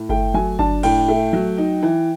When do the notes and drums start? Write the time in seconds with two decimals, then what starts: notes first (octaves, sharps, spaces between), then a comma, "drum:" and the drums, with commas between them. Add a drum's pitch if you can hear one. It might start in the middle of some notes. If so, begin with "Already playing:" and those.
Already playing: A2
0.09 A3 G5, drum: kick G1
0.34 F#3 G#5
0.59 D4 A5, drum: kick G1
0.83 A2 G5, drum: cymbal
1.08 A3
1.33 F#3
1.58 D#4
1.83 E3